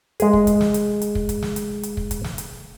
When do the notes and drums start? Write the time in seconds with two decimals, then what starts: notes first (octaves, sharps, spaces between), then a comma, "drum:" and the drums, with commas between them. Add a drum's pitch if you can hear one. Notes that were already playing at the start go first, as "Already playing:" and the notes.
0.20 G#3 G#4, drum: hi-hat
0.33 drum: kick
0.47 drum: kick, hi-hat
0.61 drum: snare
0.74 drum: hi-hat
1.02 drum: hi-hat
1.15 drum: kick
1.29 drum: kick, hi-hat
1.42 drum: snare
1.56 drum: hi-hat
1.83 drum: hi-hat
1.97 drum: kick
2.11 drum: kick, hi-hat
2.24 drum: snare
2.38 drum: hi-hat